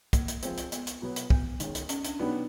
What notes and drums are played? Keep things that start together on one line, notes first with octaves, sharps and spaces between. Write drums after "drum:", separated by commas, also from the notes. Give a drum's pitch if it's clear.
A#3, drum: kick, hi-hat
drum: hi-hat
F3 G#3 C4, drum: hi-hat
drum: hi-hat
B3, drum: hi-hat
drum: hi-hat
B2 F#3 B3
drum: hi-hat
B3, drum: kick
D#3 G#3 C#4, drum: hi-hat
drum: hi-hat
C#4, drum: hi-hat
D4, drum: hi-hat
B2 F#3 B3 D4 D#4 G4